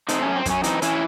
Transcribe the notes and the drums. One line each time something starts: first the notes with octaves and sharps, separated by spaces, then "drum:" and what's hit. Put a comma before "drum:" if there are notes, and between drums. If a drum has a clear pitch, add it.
A3 C4 D#4, drum: hi-hat
F#2 C#4
C4
F#2 C#4, drum: kick, hi-hat
E3 C4 D#4, drum: hi-hat
E3 C#4 E4, drum: hi-hat